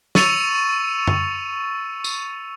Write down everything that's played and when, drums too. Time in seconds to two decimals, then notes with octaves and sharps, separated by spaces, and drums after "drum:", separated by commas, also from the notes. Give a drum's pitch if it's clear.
0.15 C#6 E6 A6 C#7 D#7 F7, drum: snare
1.07 drum: tom F#2
2.04 drum: tambourine